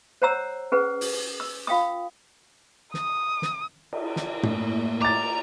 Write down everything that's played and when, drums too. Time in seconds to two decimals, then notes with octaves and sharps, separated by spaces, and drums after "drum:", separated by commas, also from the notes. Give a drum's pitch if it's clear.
0.22 C5 C#5 F#5 A#5 E6
0.72 C#4 G#4 B4 F#5
1.01 drum: open hi-hat
1.40 E6
1.67 F4 F5 G5 D#6
2.94 D#6, drum: snare
3.42 drum: snare
3.93 drum: cymbal
4.16 drum: snare
4.43 A2 A#3, drum: tom
5.01 A#5 D6 A6, drum: cymbal